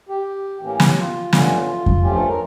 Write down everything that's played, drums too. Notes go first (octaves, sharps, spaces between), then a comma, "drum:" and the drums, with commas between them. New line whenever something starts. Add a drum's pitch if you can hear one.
G4
A2 E3 A#3 C#4 G4
drum: snare
F4
G2 D3 A3 C#4, drum: snare
drum: kick F2
G2 F3 A3 C#4 G4
A4
A#4